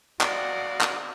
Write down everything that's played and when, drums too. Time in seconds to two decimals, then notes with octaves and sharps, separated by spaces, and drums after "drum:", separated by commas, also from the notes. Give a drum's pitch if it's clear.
0.21 F#4 D5 D#5 F5 F#5, drum: clap
0.81 drum: clap